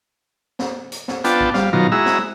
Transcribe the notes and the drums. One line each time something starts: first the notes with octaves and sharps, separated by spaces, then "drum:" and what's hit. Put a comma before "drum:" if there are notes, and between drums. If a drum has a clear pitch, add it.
drum: snare
drum: hi-hat
drum: snare
B3 D4 F4 G5 A5, drum: hi-hat
drum: kick A1
G3 F5, drum: snare
B2 D#3 F#3 F4 A#5
G#3 E4 F#4 A#5 E6
drum: snare